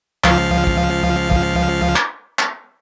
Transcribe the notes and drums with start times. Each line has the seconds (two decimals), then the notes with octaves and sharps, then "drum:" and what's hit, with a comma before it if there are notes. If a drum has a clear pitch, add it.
0.24 C#2 F3 F5, drum: clap
0.67 drum: kick
1.31 drum: kick
1.96 drum: clap
2.39 drum: clap